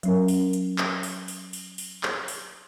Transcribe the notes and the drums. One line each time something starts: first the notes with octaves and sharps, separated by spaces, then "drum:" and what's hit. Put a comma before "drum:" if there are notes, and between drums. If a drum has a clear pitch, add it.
F#3 C#4 A#4, drum: hi-hat
drum: open hi-hat
drum: hi-hat
drum: clap
drum: open hi-hat
drum: open hi-hat
drum: open hi-hat
drum: open hi-hat
drum: clap
drum: open hi-hat